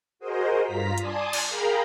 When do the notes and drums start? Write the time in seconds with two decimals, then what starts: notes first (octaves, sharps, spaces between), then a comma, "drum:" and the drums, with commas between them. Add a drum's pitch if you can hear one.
0.19 F#4 G#4 A#4 C5 D#5
0.64 G2 F4 A#5 B6
0.98 D5 G#5 A5 C6 D6 D#6, drum: hi-hat
1.33 drum: cymbal
1.48 G#4 A#4 F5 G5 A#5 B5